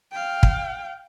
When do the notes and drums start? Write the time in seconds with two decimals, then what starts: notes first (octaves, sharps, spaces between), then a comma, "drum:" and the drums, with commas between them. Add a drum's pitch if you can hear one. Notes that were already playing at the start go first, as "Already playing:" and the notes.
0.11 F5 G5
0.43 drum: kick